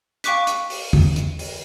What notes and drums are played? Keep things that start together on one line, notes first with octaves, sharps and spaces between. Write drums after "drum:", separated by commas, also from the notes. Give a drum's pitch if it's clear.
F5 G5 C#6 D6 F#6 B6, drum: hi-hat
drum: hi-hat
drum: open hi-hat
drum: tom
drum: hi-hat
drum: open hi-hat